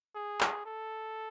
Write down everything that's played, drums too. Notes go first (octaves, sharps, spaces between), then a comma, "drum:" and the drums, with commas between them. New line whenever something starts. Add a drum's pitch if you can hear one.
G#4
drum: clap
A4